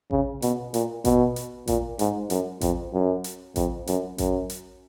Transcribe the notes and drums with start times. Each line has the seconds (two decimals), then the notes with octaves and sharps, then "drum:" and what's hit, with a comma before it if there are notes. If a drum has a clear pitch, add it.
0.11 C#3, drum: kick A1
0.42 B2, drum: hi-hat
0.74 A#2, drum: hi-hat
1.05 B2, drum: kick A1, hi-hat
1.36 drum: hi-hat
1.67 A#2, drum: kick A1, hi-hat
1.99 G#2, drum: hi-hat
2.30 F#2, drum: hi-hat
2.61 F2, drum: kick A1, hi-hat
2.93 F#2
3.24 drum: hi-hat
3.56 F2, drum: kick A1, hi-hat
3.87 F#2, drum: hi-hat
4.18 F#2, drum: kick A1, hi-hat
4.50 drum: hi-hat